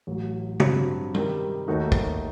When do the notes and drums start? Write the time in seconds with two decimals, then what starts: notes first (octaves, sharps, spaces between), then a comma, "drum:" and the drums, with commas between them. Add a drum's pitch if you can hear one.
0.07 A1 A2 F#3
0.60 G2 F#3 C4, drum: tom
1.14 C3 D#3 G3, drum: tom
1.68 D#2 D#3 A3 D#4 F#4
1.92 drum: kick